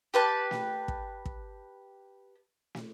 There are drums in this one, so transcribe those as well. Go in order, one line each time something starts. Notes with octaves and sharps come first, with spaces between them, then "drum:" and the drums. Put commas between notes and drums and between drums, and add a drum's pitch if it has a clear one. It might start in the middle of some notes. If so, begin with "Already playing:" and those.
G4 B4 A5
drum: snare
drum: kick
drum: kick
drum: snare